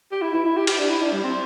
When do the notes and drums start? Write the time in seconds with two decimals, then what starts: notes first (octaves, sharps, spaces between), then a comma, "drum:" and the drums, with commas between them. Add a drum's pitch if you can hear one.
0.12 G4
0.22 E4
0.34 E4
0.46 E4
0.57 G4
0.67 G4, drum: cymbal
0.79 D4
0.90 E4
1.01 D4
1.13 G3
1.24 C4